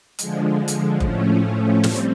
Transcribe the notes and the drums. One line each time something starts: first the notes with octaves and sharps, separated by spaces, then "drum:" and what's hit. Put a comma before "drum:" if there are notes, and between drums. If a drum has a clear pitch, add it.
D3 F3 G#3, drum: hi-hat
drum: hi-hat
A2 F3 A3 C#4, drum: kick F#1
G3 C4, drum: snare